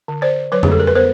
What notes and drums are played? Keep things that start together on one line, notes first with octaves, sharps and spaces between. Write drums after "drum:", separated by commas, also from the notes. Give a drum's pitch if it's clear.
D3
C5 D5
F#3 B4 C#5
G#4, drum: tom
A4
A#4
B4
B3 A#4 C5